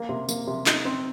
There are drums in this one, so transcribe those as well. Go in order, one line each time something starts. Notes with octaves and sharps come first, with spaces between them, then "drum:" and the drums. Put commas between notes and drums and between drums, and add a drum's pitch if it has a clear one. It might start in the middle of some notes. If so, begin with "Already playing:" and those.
Already playing: A#3
C3
A#3, drum: tambourine
C3
D#4, drum: clap
C4